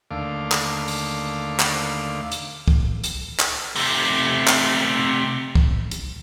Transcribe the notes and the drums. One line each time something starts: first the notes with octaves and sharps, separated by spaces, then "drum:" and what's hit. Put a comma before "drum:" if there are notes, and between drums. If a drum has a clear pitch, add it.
D#2 D3 A3 F5 D6
drum: clap
drum: open hi-hat
drum: clap
drum: hi-hat
drum: kick
drum: hi-hat
drum: clap
C3 A3, drum: open hi-hat
drum: clap
drum: kick
drum: hi-hat